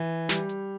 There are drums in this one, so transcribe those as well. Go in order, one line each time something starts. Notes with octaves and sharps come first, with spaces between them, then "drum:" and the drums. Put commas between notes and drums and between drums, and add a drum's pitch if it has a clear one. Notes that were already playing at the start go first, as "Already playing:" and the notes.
Already playing: E3
G3, drum: snare
drum: hi-hat